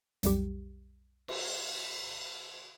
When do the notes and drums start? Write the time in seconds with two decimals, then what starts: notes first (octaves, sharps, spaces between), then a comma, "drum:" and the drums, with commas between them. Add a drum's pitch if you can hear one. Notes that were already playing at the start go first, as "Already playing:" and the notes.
0.23 B1 F2 G3 G4, drum: hi-hat
1.28 drum: cymbal